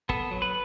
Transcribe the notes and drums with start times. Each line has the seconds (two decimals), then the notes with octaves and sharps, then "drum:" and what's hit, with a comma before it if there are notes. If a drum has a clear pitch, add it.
0.09 B3 A4, drum: kick
0.31 F#3
0.42 B4